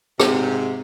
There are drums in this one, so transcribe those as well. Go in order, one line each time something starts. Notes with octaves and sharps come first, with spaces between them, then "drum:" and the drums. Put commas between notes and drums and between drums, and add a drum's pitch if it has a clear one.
G#2 C3, drum: rim click